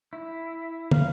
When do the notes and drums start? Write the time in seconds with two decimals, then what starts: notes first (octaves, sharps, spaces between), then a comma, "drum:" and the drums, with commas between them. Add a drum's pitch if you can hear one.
0.13 E4
0.91 F5, drum: tom